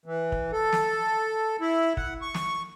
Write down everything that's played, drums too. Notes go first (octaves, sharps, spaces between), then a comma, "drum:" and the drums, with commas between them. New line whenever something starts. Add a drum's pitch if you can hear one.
E3
drum: kick
A4
drum: snare
E4
F#5, drum: kick
C#6
drum: snare